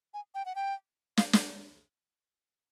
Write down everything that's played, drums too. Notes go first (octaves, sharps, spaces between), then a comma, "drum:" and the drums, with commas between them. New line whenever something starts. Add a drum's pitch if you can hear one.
G#5
G5
F#5
G5
F5, drum: snare
drum: snare